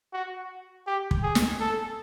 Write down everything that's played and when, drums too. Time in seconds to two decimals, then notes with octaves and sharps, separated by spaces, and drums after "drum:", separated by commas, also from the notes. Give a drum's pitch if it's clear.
0.13 F#4
0.87 G4
1.11 drum: kick
1.23 G#4
1.35 drum: snare
1.60 A4